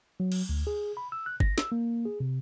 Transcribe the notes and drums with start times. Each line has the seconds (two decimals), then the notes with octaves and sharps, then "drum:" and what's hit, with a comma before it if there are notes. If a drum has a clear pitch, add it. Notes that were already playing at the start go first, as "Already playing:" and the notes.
0.20 F#3
0.32 drum: cymbal
0.49 D2
0.67 G#4
0.97 B5
1.12 E6
1.26 F#6
1.40 A#6, drum: kick
1.58 E6, drum: snare
1.72 A#3
2.05 G#4
2.20 C3